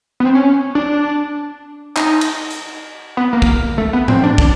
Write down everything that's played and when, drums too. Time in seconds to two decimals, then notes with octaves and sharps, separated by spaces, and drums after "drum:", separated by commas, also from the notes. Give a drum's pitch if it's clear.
0.20 B3
0.25 C4
0.35 C#4
0.75 D4
1.96 D#4, drum: clap
2.21 drum: cymbal
2.50 drum: hi-hat
3.17 B3
3.33 A#3
3.42 drum: kick
3.78 A3
3.93 B3
4.08 C4, drum: tom G#2
4.24 D4
4.38 D4, drum: kick